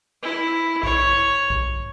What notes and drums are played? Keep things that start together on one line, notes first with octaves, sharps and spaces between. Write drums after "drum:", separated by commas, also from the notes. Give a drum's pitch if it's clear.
E4
C#5, drum: kick B1
drum: kick B1